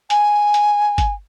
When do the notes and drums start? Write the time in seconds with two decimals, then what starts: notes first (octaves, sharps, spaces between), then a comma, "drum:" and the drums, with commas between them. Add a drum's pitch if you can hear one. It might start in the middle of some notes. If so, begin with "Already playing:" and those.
0.10 G#5, drum: hi-hat
0.54 drum: hi-hat
0.98 drum: kick G1, hi-hat